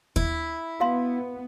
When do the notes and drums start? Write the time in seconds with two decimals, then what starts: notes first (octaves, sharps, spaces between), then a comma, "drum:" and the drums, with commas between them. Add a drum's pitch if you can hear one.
0.16 E4, drum: kick D#2
0.80 B3 F#4 F5 C6